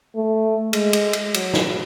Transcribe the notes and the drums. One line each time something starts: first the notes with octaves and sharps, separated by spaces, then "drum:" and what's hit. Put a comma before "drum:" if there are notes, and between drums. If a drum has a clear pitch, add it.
A3
G#3, drum: cymbal
drum: cymbal
drum: cymbal
F#3, drum: cymbal
drum: snare